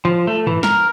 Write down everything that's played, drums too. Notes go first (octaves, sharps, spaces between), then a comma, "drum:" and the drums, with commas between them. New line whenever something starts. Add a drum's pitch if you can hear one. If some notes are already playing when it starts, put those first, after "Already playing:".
F3
A3
E3, drum: tom
A#4, drum: snare